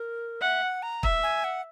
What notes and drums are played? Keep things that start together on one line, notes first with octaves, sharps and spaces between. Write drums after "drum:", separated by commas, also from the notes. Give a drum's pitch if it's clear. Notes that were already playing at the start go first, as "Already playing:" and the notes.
Already playing: A#4
E5 F#5
F#5
A#5
E5, drum: kick
G#5
F#5